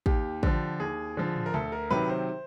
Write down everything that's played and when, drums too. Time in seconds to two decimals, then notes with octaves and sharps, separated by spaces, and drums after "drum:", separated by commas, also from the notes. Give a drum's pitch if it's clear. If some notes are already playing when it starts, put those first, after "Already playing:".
0.06 D#2 G4, drum: kick
0.43 D3 F3, drum: kick
0.80 D#2 G#4
1.17 D3 F3
1.36 drum: tom
1.46 A#4
1.54 D2 A4, drum: tom
1.72 A#4
1.91 C3 D#3 F#3 B4
2.09 C5